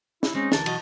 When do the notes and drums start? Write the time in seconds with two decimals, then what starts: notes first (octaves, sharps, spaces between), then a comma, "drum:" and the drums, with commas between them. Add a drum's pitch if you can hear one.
0.23 E4, drum: snare
0.35 G#3 C4 C#4 D#4
0.52 D2 E3 A#4 A5, drum: snare
0.66 B1 E3 F#4 D#5, drum: cymbal